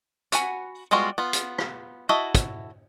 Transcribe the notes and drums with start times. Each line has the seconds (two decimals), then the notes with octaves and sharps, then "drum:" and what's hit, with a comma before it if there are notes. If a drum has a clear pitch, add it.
0.32 D4 F#4 F#5 G#5 B5, drum: hi-hat
0.91 G3 G#3 B3 F4 F#4
1.18 B3 F4
1.33 drum: hi-hat
1.58 drum: rim click
2.09 E4 F#4 A4 D#5 E5
2.35 drum: kick, hi-hat